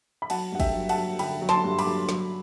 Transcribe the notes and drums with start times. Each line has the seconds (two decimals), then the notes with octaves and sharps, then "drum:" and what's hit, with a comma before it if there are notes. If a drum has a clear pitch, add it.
0.22 B5
0.30 F#3 F#5 A5, drum: cymbal
0.52 G2 F#5
0.60 E5 G5, drum: kick, cymbal
0.74 F#3
0.89 F#5 A5, drum: cymbal
0.97 F#3
1.19 D3 G5 B5, drum: cymbal
1.41 F#3
1.49 A5 C6, drum: snare
1.64 G2
1.79 B5 D6, drum: cymbal
1.86 F#3
2.09 F#3, drum: snare